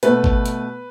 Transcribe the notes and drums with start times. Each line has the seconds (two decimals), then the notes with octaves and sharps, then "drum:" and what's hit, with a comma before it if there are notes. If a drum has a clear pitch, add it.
0.03 B2 A3 B4, drum: hi-hat
0.24 drum: kick G#1
0.46 drum: hi-hat